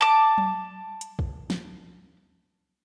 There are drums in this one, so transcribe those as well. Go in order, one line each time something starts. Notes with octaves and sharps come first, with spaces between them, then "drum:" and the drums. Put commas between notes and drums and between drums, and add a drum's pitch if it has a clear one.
A5 D6
drum: tom F#3
drum: hi-hat
drum: kick
drum: snare